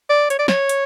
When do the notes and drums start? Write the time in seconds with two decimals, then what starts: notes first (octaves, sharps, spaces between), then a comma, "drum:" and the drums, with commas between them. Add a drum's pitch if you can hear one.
0.10 D5
0.30 C#5, drum: hi-hat
0.39 D5
0.48 C#5, drum: snare
0.69 drum: hi-hat